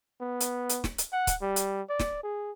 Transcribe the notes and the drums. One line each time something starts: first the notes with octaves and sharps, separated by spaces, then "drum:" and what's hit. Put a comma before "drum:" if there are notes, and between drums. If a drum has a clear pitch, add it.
B3
drum: hi-hat
drum: hi-hat
drum: snare
drum: hi-hat
F#5
drum: kick, hi-hat
G3
drum: hi-hat
D5
drum: snare
G#4